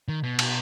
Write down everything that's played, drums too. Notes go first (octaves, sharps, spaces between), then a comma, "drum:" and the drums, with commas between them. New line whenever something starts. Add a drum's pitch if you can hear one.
D#3
B2
drum: cymbal